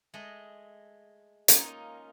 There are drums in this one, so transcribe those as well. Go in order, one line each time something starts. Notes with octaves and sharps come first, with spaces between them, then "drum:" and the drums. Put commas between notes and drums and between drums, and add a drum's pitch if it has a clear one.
G#3 A3 D#5
A#3 C#4 D#4 F4 G#5, drum: hi-hat